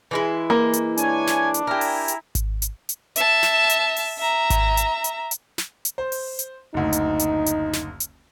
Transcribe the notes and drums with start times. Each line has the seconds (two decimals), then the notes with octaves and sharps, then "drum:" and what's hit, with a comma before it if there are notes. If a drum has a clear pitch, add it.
0.11 E3 G#3 E4
0.50 A#3
0.73 drum: hi-hat
0.97 D4 C#5 G#5, drum: hi-hat
1.27 drum: snare
1.54 drum: hi-hat
1.67 E4 G4 A#4 G#5 A#5
1.81 drum: open hi-hat
2.08 drum: hi-hat
2.35 drum: kick G#1, hi-hat
2.62 drum: hi-hat
2.89 drum: hi-hat
3.16 E5 A5, drum: hi-hat
3.43 drum: snare
3.70 drum: hi-hat
3.96 drum: open hi-hat
4.19 E5 A#5
4.50 drum: kick G#1, hi-hat
4.77 drum: hi-hat
5.04 drum: hi-hat
5.31 drum: hi-hat
5.58 drum: snare
5.85 drum: hi-hat
5.98 C5
6.12 drum: open hi-hat
6.39 drum: hi-hat
6.74 F#1 D2 D#4
6.93 drum: hi-hat
7.19 drum: hi-hat
7.46 drum: hi-hat
7.73 drum: snare
8.00 drum: hi-hat